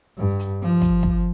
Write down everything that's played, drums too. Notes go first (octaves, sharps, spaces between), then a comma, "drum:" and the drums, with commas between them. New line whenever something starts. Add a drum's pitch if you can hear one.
G2
drum: hi-hat
F3
drum: kick, hi-hat
drum: kick